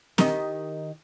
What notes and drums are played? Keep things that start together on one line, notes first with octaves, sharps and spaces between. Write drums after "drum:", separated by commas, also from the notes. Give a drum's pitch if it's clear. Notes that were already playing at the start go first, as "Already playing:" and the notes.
D#3 G4 D#5, drum: snare C4